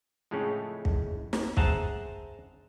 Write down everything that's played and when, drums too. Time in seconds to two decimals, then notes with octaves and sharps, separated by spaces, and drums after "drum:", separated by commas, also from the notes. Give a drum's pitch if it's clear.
0.31 F2 A2 C#3 G#3 A3 C#4
0.85 drum: kick
1.33 drum: snare
1.57 G#4 C5 E5 F#5 A5 A#5, drum: kick